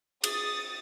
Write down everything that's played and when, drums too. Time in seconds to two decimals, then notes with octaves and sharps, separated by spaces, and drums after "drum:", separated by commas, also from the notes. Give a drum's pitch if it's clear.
0.24 G#4 D#6 A6, drum: cymbal